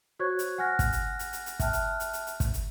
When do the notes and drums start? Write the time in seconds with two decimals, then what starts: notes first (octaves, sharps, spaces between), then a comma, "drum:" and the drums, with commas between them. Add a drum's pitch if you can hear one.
0.19 F#4 C5 C#5 C#6 F#6 G#6
0.39 drum: hi-hat
0.58 F#5 G#5 F6 F#6 A#6
0.79 drum: kick, hi-hat
0.92 drum: hi-hat
1.19 drum: hi-hat
1.33 drum: hi-hat
1.46 drum: hi-hat
1.59 E5 G5 A5 F6 F#6, drum: kick, hi-hat
1.73 drum: hi-hat
2.00 drum: hi-hat
2.13 drum: hi-hat
2.27 drum: hi-hat
2.40 drum: kick, hi-hat
2.53 drum: hi-hat